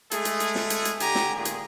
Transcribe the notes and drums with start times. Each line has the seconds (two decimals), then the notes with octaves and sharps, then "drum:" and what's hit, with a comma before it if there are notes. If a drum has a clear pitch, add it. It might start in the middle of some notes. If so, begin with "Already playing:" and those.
0.11 G#3 A3 G#4, drum: hi-hat
0.25 drum: hi-hat
0.40 drum: hi-hat
0.55 drum: snare
0.70 drum: hi-hat
0.85 drum: hi-hat
1.00 D3 G4 G#5 A#5, drum: hi-hat
1.15 drum: snare
1.35 A#2 D#3 G#4
1.45 drum: hi-hat